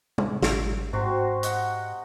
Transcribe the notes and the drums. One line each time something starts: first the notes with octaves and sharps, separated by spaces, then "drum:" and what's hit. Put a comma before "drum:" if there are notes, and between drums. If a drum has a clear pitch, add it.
G#3, drum: tom C3
G#1, drum: snare
G#2 C3 F#4 C6
D#5 F#5, drum: hi-hat